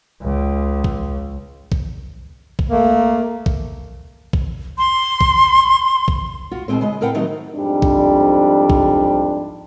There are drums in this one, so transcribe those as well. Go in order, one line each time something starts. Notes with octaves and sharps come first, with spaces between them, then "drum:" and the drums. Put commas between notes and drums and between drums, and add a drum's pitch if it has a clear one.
C#2
drum: kick A#1
drum: kick A#1
drum: kick A#1
A3 A#3
drum: kick A#1
drum: kick A#1
C6
drum: kick A#1
drum: kick A#1
F4 F#4
D#2 B2 D3 G#3 C4 C5
C#3 G#3 D#5
A2 C4 A#4 B4 F#5 G5
D#3 F#3 G3 A3 C4 D#4
F2 G#2 G3 D4
drum: kick A#1
drum: kick A#1